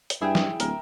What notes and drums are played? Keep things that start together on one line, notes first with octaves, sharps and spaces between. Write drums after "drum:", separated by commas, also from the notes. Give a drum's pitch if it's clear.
drum: hi-hat
G2 E4 G#4 E5 G5
drum: snare
D1 A#4, drum: hi-hat